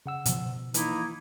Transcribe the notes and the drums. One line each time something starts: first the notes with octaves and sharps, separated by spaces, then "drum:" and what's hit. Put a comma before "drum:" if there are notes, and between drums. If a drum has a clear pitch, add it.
C#3 F#5 E6
B2 F3, drum: hi-hat
E3 A#3 D#4 E4, drum: hi-hat